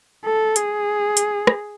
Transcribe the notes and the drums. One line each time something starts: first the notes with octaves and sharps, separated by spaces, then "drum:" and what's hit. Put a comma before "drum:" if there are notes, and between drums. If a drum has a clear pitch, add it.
A4
G#4, drum: hi-hat
drum: hi-hat
drum: rim click